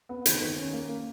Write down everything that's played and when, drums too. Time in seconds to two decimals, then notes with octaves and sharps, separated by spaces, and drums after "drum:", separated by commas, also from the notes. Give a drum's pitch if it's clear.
0.09 B3
0.26 D#3, drum: hi-hat
0.42 D#3
0.57 C#4
0.73 A#3
0.89 A#3